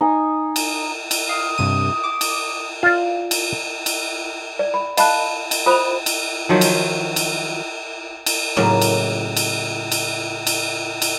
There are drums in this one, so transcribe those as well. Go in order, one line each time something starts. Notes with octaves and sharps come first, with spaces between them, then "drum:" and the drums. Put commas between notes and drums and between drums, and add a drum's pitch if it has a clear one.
D#4 G#5
drum: cymbal
drum: cymbal
F5 D#6
G2 C3 D#7
D6
drum: cymbal
F4 D5
drum: cymbal
drum: cymbal
D5
B5
D#5 F5 A5 B5 F#6, drum: cymbal
drum: cymbal
F4 C5 B5 D#6 F7
drum: cymbal
D#3 F3 F#3
drum: cymbal
drum: cymbal
drum: cymbal
A2 C#3 F#3 A#3
drum: cymbal
drum: cymbal
drum: cymbal
drum: cymbal
drum: cymbal